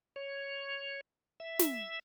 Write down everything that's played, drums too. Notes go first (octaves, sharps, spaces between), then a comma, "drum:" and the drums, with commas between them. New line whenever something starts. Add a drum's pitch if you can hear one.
C#5
E5
drum: snare